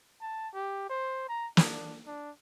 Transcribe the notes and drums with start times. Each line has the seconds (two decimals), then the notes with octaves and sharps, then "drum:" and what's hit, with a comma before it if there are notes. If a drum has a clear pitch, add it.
0.21 A5
0.54 G4
0.89 C5
1.29 A#5
1.57 D4, drum: snare
2.06 D4